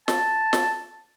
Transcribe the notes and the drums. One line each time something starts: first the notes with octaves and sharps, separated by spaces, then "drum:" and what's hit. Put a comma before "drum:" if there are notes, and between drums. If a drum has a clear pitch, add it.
A5, drum: snare
drum: snare